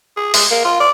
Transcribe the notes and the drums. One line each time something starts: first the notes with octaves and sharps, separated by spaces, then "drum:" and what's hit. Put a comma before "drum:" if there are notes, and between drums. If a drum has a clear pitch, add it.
G#4
G#3, drum: open hi-hat
A#3
F4
D5